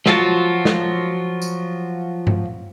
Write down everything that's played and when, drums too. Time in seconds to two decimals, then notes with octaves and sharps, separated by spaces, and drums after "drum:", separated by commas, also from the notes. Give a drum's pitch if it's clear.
0.06 F3 F#3 F4 F#4 A5, drum: snare
0.65 drum: snare
1.42 drum: tambourine
2.27 drum: tom G2